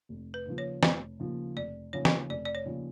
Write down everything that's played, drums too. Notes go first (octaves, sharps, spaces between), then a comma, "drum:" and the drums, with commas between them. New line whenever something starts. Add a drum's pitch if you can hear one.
F1
B4
D#2 C#3 F3
C#5
F1, drum: snare
D#2 C#3 F3
F1 D5
D#2 C#3 F3 C#5
drum: snare
F1 D5
D5
C#5
D#2 C#3 F3